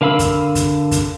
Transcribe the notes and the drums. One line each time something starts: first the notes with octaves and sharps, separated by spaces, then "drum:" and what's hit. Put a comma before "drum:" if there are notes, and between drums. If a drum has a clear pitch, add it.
D3 A#4 F5 B5 E6
drum: kick, hi-hat
drum: kick, hi-hat
drum: kick, hi-hat